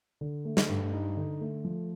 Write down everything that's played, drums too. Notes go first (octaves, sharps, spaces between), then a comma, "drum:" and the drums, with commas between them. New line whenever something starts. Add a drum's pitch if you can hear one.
D3
A3
drum: snare
G2
D#4
D3
A3
F3